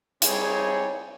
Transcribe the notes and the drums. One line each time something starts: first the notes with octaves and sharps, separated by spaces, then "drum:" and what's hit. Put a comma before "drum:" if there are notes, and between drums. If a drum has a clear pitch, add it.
G3 C4 D#4 G#4 C#5, drum: hi-hat